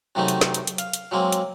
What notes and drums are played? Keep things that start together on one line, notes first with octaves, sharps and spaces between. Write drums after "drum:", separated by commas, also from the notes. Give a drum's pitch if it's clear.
F#2 C3 D#3 A3 B3 D#4
drum: hi-hat
drum: snare
drum: hi-hat
drum: hi-hat
F5, drum: hi-hat
drum: hi-hat
F#3 G#3 A#3 C4
drum: hi-hat